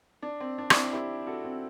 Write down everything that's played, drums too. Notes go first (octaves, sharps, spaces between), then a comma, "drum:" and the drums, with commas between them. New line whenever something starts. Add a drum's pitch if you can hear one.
D4
C4
D4
D4, drum: rim click
C4 E4
E4 G4
F#4 A4
C4